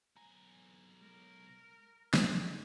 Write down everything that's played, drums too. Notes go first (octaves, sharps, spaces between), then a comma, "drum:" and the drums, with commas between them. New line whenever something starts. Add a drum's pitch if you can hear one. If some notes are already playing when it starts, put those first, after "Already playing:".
B1 G#5 A#5
G#3 A#4
C#2 F#2 G#4 A4 D5, drum: snare